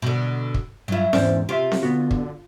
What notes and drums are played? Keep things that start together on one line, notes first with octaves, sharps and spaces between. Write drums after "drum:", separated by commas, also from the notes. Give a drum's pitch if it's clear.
B2 D3
drum: kick
G2 F#3 E4 F4
E2 G#2 E3 C#4 C5 D5, drum: snare C4
C3 F4 G4 C#5 E5
drum: snare C4
D3 B3 F#4
drum: kick